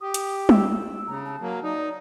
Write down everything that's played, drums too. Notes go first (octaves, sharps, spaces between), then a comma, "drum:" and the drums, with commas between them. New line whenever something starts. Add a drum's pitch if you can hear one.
G4 D#6
drum: hi-hat
E6, drum: tom
C#3 A#5
A5
F#3 A#3
D#4 D5